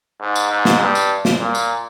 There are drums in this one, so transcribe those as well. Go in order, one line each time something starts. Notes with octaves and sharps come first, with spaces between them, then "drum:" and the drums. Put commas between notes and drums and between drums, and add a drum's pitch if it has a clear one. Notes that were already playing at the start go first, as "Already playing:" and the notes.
G#2
drum: tambourine
G#2
drum: snare
G2
drum: tambourine
drum: snare
A#2
drum: tambourine